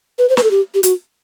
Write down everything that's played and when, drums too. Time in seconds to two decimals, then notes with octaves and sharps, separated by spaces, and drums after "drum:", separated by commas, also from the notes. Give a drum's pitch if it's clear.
0.19 B4
0.29 C5
0.37 B4, drum: snare
0.43 A4
0.51 G4
0.74 G4
0.83 F#4, drum: hi-hat